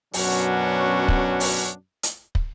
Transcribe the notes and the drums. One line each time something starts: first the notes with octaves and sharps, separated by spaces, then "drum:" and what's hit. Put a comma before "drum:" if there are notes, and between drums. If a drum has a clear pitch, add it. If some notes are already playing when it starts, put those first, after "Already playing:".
F#2 B2 F#3 C#4 D4 F#4, drum: open hi-hat
drum: kick
drum: open hi-hat
drum: hi-hat
drum: kick